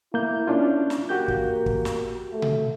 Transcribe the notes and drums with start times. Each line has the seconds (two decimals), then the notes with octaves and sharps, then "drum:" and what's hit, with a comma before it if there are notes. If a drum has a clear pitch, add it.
0.14 A#3 E4 G6
0.47 C#4 D4 F4
0.90 drum: snare
1.09 A#3 F#4 G4 G6
1.28 drum: kick
1.66 drum: kick
1.85 drum: snare
2.32 A3
2.42 drum: tom B2